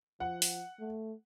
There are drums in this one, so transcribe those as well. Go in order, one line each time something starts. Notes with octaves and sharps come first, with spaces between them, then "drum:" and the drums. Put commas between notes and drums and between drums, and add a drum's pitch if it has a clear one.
F3 F#5
drum: open hi-hat
A3